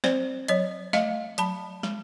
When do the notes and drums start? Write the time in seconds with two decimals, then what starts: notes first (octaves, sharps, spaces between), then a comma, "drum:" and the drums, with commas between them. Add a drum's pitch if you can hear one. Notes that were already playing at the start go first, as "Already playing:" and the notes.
0.04 C4 C5 D5, drum: snare
0.48 F#3 C#5 D#5, drum: hi-hat
0.93 A3 D#5 F5, drum: snare
1.38 F#3 A5 B5, drum: hi-hat
1.83 G#3, drum: snare